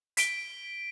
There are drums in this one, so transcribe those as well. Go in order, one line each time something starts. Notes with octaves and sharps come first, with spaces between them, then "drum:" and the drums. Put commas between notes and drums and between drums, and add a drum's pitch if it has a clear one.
B6 D7 G7, drum: hi-hat